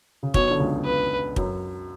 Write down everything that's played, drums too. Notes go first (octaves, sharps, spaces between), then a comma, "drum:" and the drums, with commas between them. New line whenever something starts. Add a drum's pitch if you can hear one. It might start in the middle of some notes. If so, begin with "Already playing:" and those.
C#3
B1 B2 C#5, drum: kick
D3
C#2 C#3
B4
F#2 F#3, drum: kick